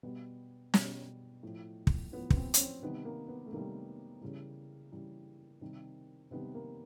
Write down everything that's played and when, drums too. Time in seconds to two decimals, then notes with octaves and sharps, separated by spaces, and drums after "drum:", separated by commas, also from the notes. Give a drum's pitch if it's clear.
0.03 B2 G3 B3
0.74 B2 G3, drum: snare
1.43 A2 F3
1.87 drum: kick
2.12 A2 F3 B3
2.30 B3, drum: kick
2.36 C4
2.54 C#4, drum: hi-hat
2.59 C4
2.82 C3 D#3 G3 B3
3.05 A#3
3.28 B3
3.46 A3
3.52 C3 D#3 G3 A#3
4.21 C#3 E3 G3
4.92 C#3 E3 G3
5.61 C3 D#3 G3
6.31 C3 D#3 G3 B3
6.55 A#3